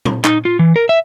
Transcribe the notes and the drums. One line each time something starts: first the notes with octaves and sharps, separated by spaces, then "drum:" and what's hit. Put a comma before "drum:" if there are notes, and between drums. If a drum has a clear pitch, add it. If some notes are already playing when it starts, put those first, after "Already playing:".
drum: tom
D#4, drum: clap
F4
E3
A#4
E5